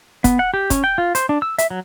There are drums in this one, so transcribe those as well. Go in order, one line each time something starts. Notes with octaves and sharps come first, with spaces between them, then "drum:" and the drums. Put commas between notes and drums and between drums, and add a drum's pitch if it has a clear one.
B3, drum: kick, hi-hat
F#5
G4
C#4, drum: kick, hi-hat
G5
F4
C5, drum: hi-hat
D4
E6
E5, drum: hi-hat
F#3